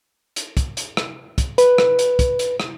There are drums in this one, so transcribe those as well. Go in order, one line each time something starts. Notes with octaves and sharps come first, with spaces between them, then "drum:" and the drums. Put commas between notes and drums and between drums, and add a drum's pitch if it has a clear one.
drum: hi-hat
drum: kick, hi-hat
drum: hi-hat
drum: rim click
drum: kick, hi-hat
B4, drum: hi-hat
drum: rim click
drum: hi-hat
drum: kick, hi-hat
drum: hi-hat
drum: rim click